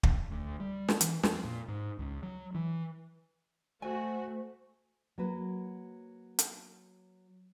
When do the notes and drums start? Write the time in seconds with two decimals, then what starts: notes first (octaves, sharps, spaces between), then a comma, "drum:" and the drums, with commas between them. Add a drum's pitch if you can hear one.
0.03 drum: kick
0.30 D2
0.60 G3
0.88 drum: snare
1.01 E3, drum: hi-hat
1.23 F2, drum: snare
1.45 A#2
1.68 G#2
1.99 C#2
2.23 F#3
2.55 E3
3.82 A3 F#4 C5 G#5
5.18 F#3 A#3 F#4 B4
6.39 drum: hi-hat